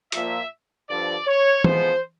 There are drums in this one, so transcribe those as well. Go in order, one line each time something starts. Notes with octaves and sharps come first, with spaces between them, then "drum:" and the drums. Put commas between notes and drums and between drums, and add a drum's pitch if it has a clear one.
A#2 F3 A#3 E5, drum: hi-hat
G2 D3 F3 D5
C#5
A2 F3 G#3 B3 C5, drum: tom E3